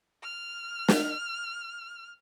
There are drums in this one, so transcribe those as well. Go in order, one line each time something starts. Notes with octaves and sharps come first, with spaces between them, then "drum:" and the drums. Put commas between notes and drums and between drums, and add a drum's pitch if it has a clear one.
F6
drum: snare